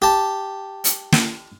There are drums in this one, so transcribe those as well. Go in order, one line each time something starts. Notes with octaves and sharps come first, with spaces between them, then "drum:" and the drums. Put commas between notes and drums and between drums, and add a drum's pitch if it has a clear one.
G4 A5
drum: hi-hat
drum: snare